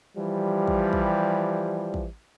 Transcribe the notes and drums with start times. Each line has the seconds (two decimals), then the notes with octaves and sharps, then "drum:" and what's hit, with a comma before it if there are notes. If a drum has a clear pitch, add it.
0.17 E3 F3 G3
0.68 drum: kick
0.93 drum: kick
1.94 drum: kick